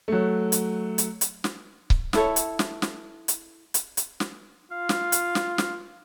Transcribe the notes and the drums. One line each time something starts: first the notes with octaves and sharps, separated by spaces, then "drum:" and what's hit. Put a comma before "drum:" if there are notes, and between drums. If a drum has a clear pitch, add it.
F#3 A3
drum: hi-hat
drum: hi-hat
drum: hi-hat
drum: snare
drum: kick C#1
E4 A4 C#5, drum: snare
drum: hi-hat
drum: snare
drum: snare
drum: hi-hat
drum: hi-hat
drum: hi-hat
drum: snare
F4 F5
drum: snare
drum: hi-hat
drum: snare
drum: snare